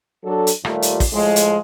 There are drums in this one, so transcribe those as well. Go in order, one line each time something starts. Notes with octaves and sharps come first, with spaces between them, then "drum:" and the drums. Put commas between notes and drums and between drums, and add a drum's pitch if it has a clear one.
F#3 D4 A4
drum: hi-hat
D#2 A#2 G3 A3 F4, drum: rim click
drum: hi-hat
drum: kick, open hi-hat
A2 F3 G#3
drum: hi-hat